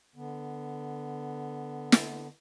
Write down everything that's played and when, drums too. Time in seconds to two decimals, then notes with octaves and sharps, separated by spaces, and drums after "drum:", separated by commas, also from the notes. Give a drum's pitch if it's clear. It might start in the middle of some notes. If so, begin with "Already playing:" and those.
0.16 D3 B3
1.92 drum: snare